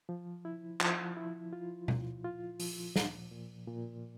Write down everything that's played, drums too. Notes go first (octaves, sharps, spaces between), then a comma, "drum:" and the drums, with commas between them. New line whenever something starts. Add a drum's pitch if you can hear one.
F3
E4
F3, drum: clap
E4
F4
A#2, drum: tom B2
F4
F3, drum: open hi-hat
A#2, drum: snare
A#2
A#2